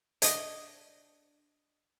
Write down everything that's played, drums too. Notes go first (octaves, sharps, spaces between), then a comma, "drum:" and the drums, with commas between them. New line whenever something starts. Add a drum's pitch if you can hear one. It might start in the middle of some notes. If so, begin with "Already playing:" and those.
D4 D#5, drum: hi-hat